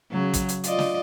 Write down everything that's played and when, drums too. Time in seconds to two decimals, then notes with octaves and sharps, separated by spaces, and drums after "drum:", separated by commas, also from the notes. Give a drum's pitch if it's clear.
0.12 C#3 F#3
0.34 drum: kick, hi-hat
0.49 drum: hi-hat
0.64 F4 D5 D#5, drum: hi-hat
0.79 drum: snare